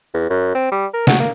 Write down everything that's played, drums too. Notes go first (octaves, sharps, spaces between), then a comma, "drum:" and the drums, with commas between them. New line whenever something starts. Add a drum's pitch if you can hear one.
E2
F#2
C4
G3
A#4
F#4, drum: snare
A#3